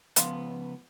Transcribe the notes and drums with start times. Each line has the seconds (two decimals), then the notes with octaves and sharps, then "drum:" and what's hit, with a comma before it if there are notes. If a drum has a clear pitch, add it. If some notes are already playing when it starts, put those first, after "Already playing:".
0.16 C#2 F3 B3 F5 C6, drum: hi-hat